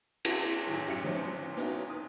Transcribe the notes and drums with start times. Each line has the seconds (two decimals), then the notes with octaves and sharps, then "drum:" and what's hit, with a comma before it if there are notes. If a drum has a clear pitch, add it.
0.25 E4 F#4, drum: cymbal
0.67 A2 D#3 F#3
0.86 F#2 G4 F5 C#7
1.05 F3 F#3 C4 C#4 D#4 C5
1.57 A#3 B3 C#4 D#4 E4 F#4
1.90 D#6